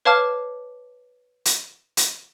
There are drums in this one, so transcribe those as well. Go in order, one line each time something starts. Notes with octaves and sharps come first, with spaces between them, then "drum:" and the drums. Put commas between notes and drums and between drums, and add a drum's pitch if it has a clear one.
B4 C#5 F5 A5 D6 F6
drum: hi-hat
drum: hi-hat